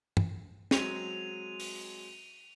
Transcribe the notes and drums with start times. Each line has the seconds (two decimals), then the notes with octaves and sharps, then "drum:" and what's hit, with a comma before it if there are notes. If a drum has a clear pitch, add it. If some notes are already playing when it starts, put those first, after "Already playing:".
0.17 drum: tom
0.71 F#3 G#3 C4 D#7 F7, drum: snare
1.60 drum: open hi-hat